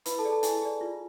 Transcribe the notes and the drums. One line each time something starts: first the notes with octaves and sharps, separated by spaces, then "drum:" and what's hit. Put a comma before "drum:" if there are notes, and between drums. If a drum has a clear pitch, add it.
E4 B4 B5, drum: hi-hat
A4 A5
G#4 D5
A4 A5
E4 G#4 G#5, drum: hi-hat
G#4 D5
F4